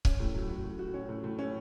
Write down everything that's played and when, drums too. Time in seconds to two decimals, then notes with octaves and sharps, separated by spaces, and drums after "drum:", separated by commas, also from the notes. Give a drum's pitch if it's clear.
0.05 C#4, drum: kick C#1
0.20 A2
0.34 F#3
0.49 F#4
0.64 A2
0.79 F#4
0.94 C#4
1.09 A2
1.24 A2
1.39 C#4